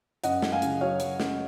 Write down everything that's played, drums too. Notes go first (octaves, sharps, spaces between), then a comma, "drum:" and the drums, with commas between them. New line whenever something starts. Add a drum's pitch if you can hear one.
F#2 D#5 F#5, drum: hi-hat
F#3, drum: snare
F5 G#5
C#3, drum: hi-hat
F#3 C#5 F5
F#3, drum: hi-hat
C#4, drum: snare